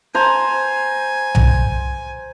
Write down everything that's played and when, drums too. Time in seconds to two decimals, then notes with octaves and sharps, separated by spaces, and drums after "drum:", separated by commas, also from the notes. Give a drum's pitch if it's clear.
0.15 C5 G#5 A#5
1.35 drum: tom B1